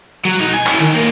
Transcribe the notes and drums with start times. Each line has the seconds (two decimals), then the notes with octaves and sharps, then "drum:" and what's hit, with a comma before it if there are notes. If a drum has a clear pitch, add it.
0.25 F#3, drum: hi-hat
0.39 B1 D#4
0.54 G#5
0.66 C#4 E4, drum: clap
0.80 D#3
0.94 E3 A#3